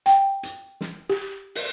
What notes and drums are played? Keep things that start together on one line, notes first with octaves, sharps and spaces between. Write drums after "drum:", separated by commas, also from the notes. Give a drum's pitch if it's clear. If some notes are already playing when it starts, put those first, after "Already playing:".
G5, drum: hi-hat
drum: hi-hat
drum: snare
G4
drum: open hi-hat